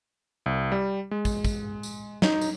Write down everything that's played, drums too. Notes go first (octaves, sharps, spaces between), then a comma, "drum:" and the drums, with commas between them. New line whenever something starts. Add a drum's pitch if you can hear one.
C2
G3
G#3
drum: kick, tambourine
drum: kick, tambourine
drum: tambourine
D#4, drum: snare
drum: tambourine